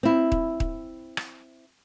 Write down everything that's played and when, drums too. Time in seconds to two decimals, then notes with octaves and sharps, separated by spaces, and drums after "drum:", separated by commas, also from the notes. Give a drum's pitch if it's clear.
0.03 C4 E4
0.32 drum: kick D#1
0.60 drum: kick D#1
1.17 drum: rim click